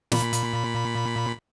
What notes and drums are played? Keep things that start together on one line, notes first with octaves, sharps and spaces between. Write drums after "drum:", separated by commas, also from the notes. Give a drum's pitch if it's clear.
A#2 B5, drum: snare
drum: hi-hat